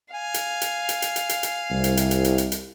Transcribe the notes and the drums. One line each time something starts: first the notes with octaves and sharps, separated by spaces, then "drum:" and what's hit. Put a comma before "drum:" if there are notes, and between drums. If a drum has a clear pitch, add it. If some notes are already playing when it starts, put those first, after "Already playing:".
F5 G#5
drum: hi-hat
drum: hi-hat
drum: hi-hat
drum: hi-hat
drum: hi-hat
drum: hi-hat
drum: hi-hat
C2
drum: hi-hat
drum: hi-hat
drum: hi-hat
drum: hi-hat
drum: hi-hat
drum: hi-hat